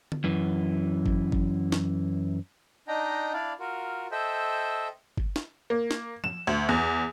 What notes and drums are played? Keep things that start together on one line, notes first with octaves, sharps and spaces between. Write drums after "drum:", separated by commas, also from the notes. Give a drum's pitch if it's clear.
drum: tom D3
F#2 E3
drum: kick G1
drum: kick G1
drum: snare
D4 D#4 D#5 G5 A#5
D4 E4 D5 F5
F4 F#4 A#4
A4 C5 D#5 E5 G5
drum: kick G1
drum: snare
A#3
drum: snare
E7, drum: tom F3
D2
E2